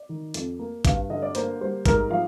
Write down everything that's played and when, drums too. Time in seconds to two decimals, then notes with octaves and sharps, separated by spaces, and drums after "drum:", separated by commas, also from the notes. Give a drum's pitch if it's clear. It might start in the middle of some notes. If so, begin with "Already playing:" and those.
Already playing: D5
0.09 D#3
0.34 F2, drum: hi-hat
0.59 A#3
0.85 G2 F5, drum: kick A1, hi-hat
1.10 D3 D#5
1.22 D5
1.35 A#3 C5, drum: hi-hat
1.61 G3 C5
1.86 G#2 A#4, drum: kick A1, hi-hat
2.11 F3 F5